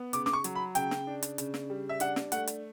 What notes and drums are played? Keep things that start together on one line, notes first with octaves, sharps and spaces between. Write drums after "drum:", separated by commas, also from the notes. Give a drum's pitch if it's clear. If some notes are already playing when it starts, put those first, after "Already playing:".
Already playing: B3
C#3 D6, drum: hi-hat
D6, drum: snare
C#6
F#3, drum: hi-hat
B5
C#3 G5, drum: hi-hat
drum: snare
D4
drum: hi-hat
C#3, drum: hi-hat
drum: snare
G3
E5
D4 F#5, drum: hi-hat
drum: snare
A3 F#5, drum: hi-hat
drum: hi-hat